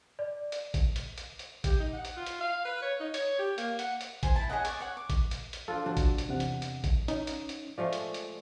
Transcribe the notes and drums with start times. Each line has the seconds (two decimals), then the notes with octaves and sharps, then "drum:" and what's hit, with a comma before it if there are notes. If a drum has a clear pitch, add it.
0.19 D5
0.52 drum: hi-hat
0.74 drum: kick A1, hi-hat
0.96 drum: hi-hat
1.18 drum: hi-hat
1.39 drum: hi-hat
1.64 G4, drum: kick A1, hi-hat
1.80 D#4
1.93 F#5
2.05 drum: hi-hat
2.17 F4
2.26 drum: hi-hat
2.41 F5
2.65 B4
2.82 C#5
3.00 D#4
3.14 C#5, drum: hi-hat
3.39 G4
3.58 A#3, drum: hi-hat
3.79 F#5, drum: hi-hat
4.01 drum: hi-hat
4.23 G#4 C5, drum: kick A1, hi-hat
4.36 E4 A5
4.50 G#4 C#5 D#5 F#5
4.65 D5 C#6, drum: hi-hat
4.80 C#5 F#5
4.97 D6
5.10 drum: kick A1, hi-hat
5.31 drum: hi-hat
5.53 drum: hi-hat
5.68 D4 F4 A4
5.86 F3 D4 F#4
5.97 drum: kick A1, hi-hat
6.18 drum: hi-hat
6.29 E2 C3 F#5
6.40 drum: hi-hat
6.62 drum: hi-hat
6.84 drum: kick A1, hi-hat
7.08 C#4 D#4, drum: hi-hat
7.27 drum: hi-hat
7.49 drum: hi-hat
7.78 F3 G#3 A3 D5
7.93 drum: hi-hat
8.14 drum: hi-hat